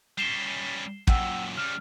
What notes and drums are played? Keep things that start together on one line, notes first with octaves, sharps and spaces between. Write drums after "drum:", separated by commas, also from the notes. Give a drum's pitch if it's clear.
G3 C#4 C7 E7 G7
F#2 A#2 F#5 G5 E6, drum: kick
C#3 G3 F6